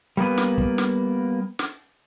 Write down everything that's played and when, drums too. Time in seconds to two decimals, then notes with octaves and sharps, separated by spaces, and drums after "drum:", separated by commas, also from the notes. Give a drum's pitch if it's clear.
0.17 G3 A#3 B3 B4
0.38 drum: snare
0.58 drum: kick
0.78 drum: snare
1.59 drum: snare